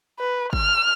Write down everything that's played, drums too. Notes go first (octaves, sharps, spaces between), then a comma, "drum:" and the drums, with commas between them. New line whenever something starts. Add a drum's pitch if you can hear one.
B4
F6, drum: kick G#1